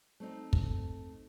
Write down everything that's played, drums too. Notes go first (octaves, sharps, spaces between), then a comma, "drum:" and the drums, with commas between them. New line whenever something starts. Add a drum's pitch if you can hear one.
A3 C4 D#4
drum: kick